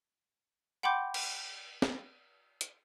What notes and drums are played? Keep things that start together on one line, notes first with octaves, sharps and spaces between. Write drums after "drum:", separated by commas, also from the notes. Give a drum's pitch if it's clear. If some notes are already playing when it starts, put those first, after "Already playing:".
F#5 G5 B5 C6 D6 G6
drum: cymbal
drum: snare
drum: hi-hat